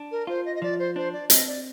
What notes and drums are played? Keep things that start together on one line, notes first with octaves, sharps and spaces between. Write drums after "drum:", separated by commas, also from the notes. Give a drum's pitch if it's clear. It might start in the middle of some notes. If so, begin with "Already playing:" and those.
Already playing: D4
A#4
F4 C5
D#5
D#5
F3 D5
C5
D4 C5
D5
C4 D#5, drum: hi-hat
D5